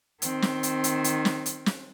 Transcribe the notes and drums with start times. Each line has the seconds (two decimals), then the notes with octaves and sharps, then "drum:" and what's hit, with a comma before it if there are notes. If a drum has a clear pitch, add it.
0.22 D#3 C4, drum: hi-hat
0.42 drum: snare
0.63 drum: hi-hat
0.84 drum: hi-hat
1.04 drum: hi-hat
1.25 drum: snare
1.46 drum: hi-hat
1.66 drum: snare